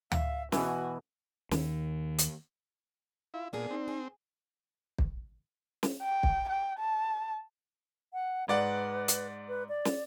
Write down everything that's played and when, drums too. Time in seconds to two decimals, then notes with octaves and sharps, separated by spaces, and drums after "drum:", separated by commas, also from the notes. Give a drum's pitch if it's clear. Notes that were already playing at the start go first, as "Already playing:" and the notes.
0.12 E5 F5, drum: tom D2
0.52 B2 E3 F#4 G#5, drum: snare
1.51 D#2 D#3, drum: snare
2.18 drum: hi-hat
3.34 E4 F4
3.53 A#2 A#3 B3 D4 G#4
3.70 C4 D#4
3.88 G#4
4.98 drum: kick
5.83 drum: snare
6.03 G5
6.23 drum: kick
6.49 G5
6.79 A5
8.13 F#5
8.48 G#2 B4 D5 F#5
9.08 drum: hi-hat
9.49 B4
9.69 D5
9.85 drum: snare